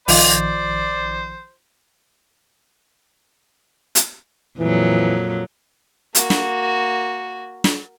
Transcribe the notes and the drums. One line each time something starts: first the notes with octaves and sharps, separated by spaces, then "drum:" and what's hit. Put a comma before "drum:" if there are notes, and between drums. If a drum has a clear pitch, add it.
A#1 D#3 F3 F4 C5 D5 D#5 F5, drum: open hi-hat
drum: hi-hat
F2 A#2 E3 F#3
A#3 F#4, drum: hi-hat
drum: snare
drum: snare